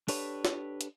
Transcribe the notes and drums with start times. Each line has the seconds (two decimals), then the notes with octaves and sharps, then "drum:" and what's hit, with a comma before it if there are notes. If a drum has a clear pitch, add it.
0.08 D4 G4 A4 B4 C#5, drum: open hi-hat
0.45 drum: snare
0.81 drum: hi-hat